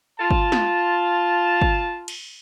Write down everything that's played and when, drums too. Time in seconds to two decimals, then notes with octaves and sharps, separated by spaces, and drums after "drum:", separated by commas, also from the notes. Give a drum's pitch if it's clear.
0.20 F4 A5
0.31 drum: kick G1
0.52 drum: snare
1.62 drum: kick G1
2.08 drum: cymbal